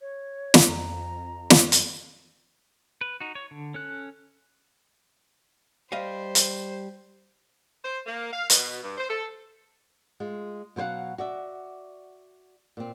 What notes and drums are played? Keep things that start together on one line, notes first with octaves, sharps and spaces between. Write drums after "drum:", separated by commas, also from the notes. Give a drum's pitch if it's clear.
C#5
drum: snare
F2 A#5
drum: snare
drum: hi-hat
B4
D#4 F#4
C#5
D3
C#4 A4 F#6
G3 C5 D#5 F5
drum: hi-hat
C5
A#3
F5
B2, drum: hi-hat
G2
C5
A4
G#3 F4
B2 F#3 C5 F5 F#5
F#4 D5 E5
A#2 C4